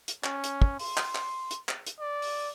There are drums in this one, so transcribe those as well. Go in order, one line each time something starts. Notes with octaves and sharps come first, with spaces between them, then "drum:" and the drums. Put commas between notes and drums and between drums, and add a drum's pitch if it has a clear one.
drum: hi-hat
C#4, drum: clap
drum: hi-hat
drum: kick
C6, drum: open hi-hat
drum: clap
drum: clap
drum: hi-hat
drum: clap
drum: hi-hat
D5
drum: open hi-hat